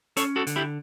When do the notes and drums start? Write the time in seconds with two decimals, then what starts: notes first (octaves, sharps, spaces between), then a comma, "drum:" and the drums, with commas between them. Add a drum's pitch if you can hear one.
0.17 C#4 A4 C#5, drum: hi-hat
0.36 F#4 A4
0.47 D3, drum: hi-hat
0.56 E4 G4